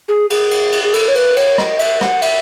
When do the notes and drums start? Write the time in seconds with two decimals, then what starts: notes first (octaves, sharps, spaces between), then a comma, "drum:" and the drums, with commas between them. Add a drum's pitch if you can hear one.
0.08 G#4
0.30 G#4, drum: cymbal
0.51 drum: cymbal
0.72 drum: cymbal
0.83 G#4
0.94 A4, drum: cymbal
1.08 C#5
1.15 B4, drum: cymbal
1.36 C#5, drum: cymbal
1.58 D#5, drum: rim click
1.79 E5, drum: cymbal
2.01 F#5, drum: rim click
2.22 E5, drum: cymbal